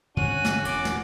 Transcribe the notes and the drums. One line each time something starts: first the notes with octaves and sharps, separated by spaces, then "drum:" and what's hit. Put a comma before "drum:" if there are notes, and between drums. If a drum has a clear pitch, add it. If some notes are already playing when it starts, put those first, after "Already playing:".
G2 D3 C4 C#4 F#4 D#7
drum: snare
E1 C#4 D6, drum: cymbal
drum: snare